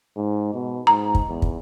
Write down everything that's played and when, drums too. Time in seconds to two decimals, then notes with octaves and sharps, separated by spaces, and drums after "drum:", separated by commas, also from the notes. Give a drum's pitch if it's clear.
0.17 G#2
0.54 B2
0.87 G#2 A#5
1.15 drum: kick
1.29 E2
1.42 drum: kick